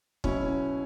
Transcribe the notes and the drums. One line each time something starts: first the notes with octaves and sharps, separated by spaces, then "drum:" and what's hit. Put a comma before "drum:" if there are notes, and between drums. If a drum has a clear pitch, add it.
B2 F#3 C#4 E4, drum: kick